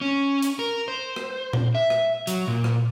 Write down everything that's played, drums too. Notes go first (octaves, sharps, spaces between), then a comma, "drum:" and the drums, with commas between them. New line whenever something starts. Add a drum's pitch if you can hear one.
C#4
drum: hi-hat
A#4
C5
drum: rim click
drum: tom A#2
E5
drum: rim click
F#3, drum: hi-hat
A#2
drum: rim click